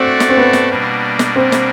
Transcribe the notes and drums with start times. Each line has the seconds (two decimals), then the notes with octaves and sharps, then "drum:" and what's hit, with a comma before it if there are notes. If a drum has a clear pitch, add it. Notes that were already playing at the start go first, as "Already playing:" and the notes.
Already playing: A3 C4 D4 F#4 A4 D5
0.20 drum: snare
0.29 C4
0.37 B3
0.53 drum: snare
0.69 B2 G3 A#3 D4
1.19 drum: snare
1.36 C4
1.52 drum: snare